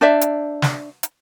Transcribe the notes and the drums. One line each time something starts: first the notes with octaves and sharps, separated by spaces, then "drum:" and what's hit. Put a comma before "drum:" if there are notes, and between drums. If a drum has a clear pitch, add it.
D4 C5 D5 E5
drum: hi-hat
drum: snare
drum: hi-hat